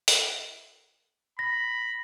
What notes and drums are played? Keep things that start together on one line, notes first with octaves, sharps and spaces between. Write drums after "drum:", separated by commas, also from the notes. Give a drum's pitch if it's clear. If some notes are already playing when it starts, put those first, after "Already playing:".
drum: open hi-hat
B5 A#6